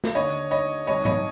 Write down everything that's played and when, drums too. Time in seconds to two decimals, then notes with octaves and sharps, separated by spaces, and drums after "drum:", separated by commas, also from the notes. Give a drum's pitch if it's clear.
0.04 drum: snare
0.15 D#2 D3 C#5 D#5
0.51 C#5 D#5
0.87 C2 C3 D#3 C#5 D#5
1.05 C#5 D#5, drum: tom G#2